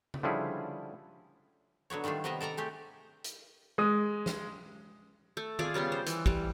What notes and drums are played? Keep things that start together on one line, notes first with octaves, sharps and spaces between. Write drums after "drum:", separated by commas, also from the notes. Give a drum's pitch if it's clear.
drum: tom C#3
D3 F3 G3 C#4 E4 G#4
D3 F#3 B3 C#5
D#3 G3 A3 D4 F4
C3 D#3 B3 A#4 D#5 E5
A4 A#4 D5 A#5
G#3 A3 G4
drum: hi-hat
G#3 D#6
drum: snare
A3
F4 G#4 D5 G#5, drum: tom D#3
C#3 G3 B3 C6
C5
E3, drum: hi-hat
E3 G3, drum: kick